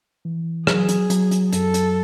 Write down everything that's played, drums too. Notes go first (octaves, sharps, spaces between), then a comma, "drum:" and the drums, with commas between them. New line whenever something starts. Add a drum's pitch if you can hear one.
E3
F#3 G#4, drum: rim click
drum: hi-hat
F#3, drum: hi-hat
drum: hi-hat
F#2 A4, drum: hi-hat
drum: hi-hat